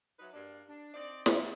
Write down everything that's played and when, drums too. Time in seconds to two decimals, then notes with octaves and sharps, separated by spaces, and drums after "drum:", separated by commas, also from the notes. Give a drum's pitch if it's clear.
0.19 F#3 D#4 E4 B4
0.32 G2 G3 A#3 D4 D5
0.68 D4
0.94 C4 D#4 D5
1.26 B3 C4 E4 F#4 A4, drum: snare